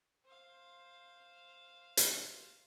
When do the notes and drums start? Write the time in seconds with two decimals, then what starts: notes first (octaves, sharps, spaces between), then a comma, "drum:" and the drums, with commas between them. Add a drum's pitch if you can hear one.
0.25 C5 F5
1.97 drum: hi-hat